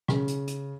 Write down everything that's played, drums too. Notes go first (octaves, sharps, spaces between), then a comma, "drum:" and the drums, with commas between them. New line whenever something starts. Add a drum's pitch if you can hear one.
C#3, drum: rim click
drum: hi-hat
drum: hi-hat